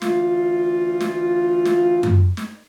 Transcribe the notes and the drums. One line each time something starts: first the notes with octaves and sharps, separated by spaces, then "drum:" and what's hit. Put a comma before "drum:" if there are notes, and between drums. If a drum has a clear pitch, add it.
D2 E3 F4, drum: snare
drum: snare
drum: snare
drum: tom F#2
drum: snare